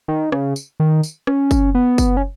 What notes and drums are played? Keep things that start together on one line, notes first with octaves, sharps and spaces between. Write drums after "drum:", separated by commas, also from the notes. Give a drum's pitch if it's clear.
D#3
C#3, drum: rim click
drum: tambourine
D#3
drum: tambourine
C#4, drum: rim click
drum: kick F#1, tambourine
B3
drum: kick F#1, tambourine
C#4